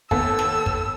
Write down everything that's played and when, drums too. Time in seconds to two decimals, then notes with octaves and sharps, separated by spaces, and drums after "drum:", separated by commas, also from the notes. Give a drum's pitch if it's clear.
0.11 D#2 B3 A4 E6, drum: kick
0.39 drum: snare
0.66 drum: kick